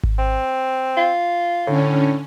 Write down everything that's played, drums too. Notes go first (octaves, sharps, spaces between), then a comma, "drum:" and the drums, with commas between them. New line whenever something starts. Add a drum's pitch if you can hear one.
drum: kick G#1
C4
F4
A2 D3 C#4